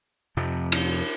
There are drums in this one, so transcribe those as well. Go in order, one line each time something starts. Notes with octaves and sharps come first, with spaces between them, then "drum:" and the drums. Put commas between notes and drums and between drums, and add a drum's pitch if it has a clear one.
F2 C3 F3
drum: cymbal